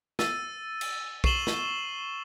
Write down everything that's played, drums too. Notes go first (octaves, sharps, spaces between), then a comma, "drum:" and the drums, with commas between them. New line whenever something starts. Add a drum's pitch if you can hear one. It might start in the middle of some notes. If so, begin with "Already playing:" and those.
E6 A6 D#7, drum: snare
drum: cymbal
C#6 C7 D#7 E7 F#7 G7, drum: kick B1
drum: snare